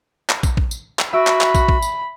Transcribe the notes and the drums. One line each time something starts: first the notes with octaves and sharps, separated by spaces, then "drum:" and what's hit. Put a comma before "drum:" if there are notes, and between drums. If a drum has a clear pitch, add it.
drum: clap
drum: kick, tambourine
drum: kick
drum: tambourine
drum: clap
F#4 E5 B5 E6 D7
drum: clap
drum: clap
drum: kick, tambourine
drum: kick
drum: tambourine